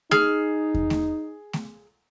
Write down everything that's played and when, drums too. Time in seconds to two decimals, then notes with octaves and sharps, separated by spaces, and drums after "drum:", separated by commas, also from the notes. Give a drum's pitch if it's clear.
0.11 D#4 G#4 F6, drum: snare A3
0.74 drum: kick E2
0.90 drum: snare A3
1.53 drum: snare A3